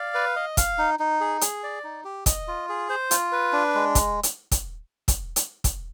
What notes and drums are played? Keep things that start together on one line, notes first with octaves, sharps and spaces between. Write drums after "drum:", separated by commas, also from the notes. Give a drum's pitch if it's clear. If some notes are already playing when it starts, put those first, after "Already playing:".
Already playing: D5 F5
B4
D#5
F5, drum: kick, hi-hat
D#4
D#4
G#4
G#4, drum: hi-hat
D5
D#4
G4
D#5, drum: kick, hi-hat
F4
G#4
C5
F4, drum: hi-hat
B4
D4
G#3
drum: kick, hi-hat
drum: hi-hat
drum: kick, hi-hat
drum: kick, hi-hat
drum: hi-hat
drum: kick, hi-hat